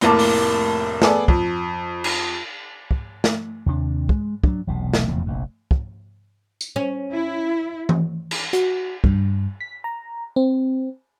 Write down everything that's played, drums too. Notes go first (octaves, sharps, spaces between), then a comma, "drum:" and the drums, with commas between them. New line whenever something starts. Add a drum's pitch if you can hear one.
F1 A2 A#3 A5 D6, drum: hi-hat
drum: open hi-hat
B3 G#4 A4 D5, drum: snare
F2, drum: kick
drum: cymbal
drum: kick
drum: snare
D#2 C3 D4
G#3, drum: kick
F#3 D4, drum: kick
E1 B1 C3
drum: snare
F1 E2 A#2 C#3
F1 A#1 F2
drum: kick
drum: tambourine
C#4
E4
drum: tom E3
drum: cymbal
F#4, drum: hi-hat
G2, drum: kick
B6
A#5
C4